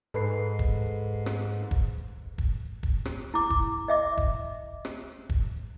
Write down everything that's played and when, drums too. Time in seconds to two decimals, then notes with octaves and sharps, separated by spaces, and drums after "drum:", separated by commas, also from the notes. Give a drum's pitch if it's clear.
0.14 G#2 A4 B4 C7
0.59 drum: kick
1.26 drum: rim click
1.71 drum: kick
2.38 drum: kick
2.83 drum: kick
3.05 drum: rim click
3.34 E4 D6
3.50 drum: kick
3.88 D#5 E5 D6
4.17 drum: kick
4.85 drum: rim click
5.29 drum: kick